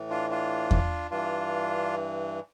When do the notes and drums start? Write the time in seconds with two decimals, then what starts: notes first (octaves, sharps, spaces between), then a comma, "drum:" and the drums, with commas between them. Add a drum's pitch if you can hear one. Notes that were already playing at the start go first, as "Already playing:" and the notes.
Already playing: A2 E3
0.10 D4 F4
0.30 D4 F4
0.71 drum: kick E2
1.11 G2 E3 D4 F4